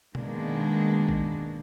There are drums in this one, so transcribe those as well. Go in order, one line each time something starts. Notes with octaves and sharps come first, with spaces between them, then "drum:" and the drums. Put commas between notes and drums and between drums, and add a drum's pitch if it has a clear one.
B2 D#3 G#3 A#3 D4, drum: tom B2
drum: kick